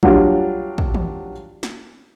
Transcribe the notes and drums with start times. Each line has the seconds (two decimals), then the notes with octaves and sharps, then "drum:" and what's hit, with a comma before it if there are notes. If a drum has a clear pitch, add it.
0.03 F#3 G3 D4 F4 G4, drum: kick
0.78 drum: kick
0.94 drum: tom
1.63 drum: snare